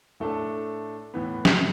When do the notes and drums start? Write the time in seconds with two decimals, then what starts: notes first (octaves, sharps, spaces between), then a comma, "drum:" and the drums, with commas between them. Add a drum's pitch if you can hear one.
0.20 A2 A3 D4 A4
1.14 A2 E3 B3
1.45 drum: snare